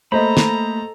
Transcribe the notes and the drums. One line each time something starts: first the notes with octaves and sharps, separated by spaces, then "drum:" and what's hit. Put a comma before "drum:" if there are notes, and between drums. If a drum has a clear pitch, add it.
A3 A#3 A4 C5 D#5 A#5 B5
drum: snare